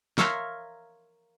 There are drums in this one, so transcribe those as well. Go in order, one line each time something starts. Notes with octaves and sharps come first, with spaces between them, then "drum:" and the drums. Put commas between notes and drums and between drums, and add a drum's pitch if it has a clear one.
A#4 C#5 E5 F5 A#5 C6, drum: snare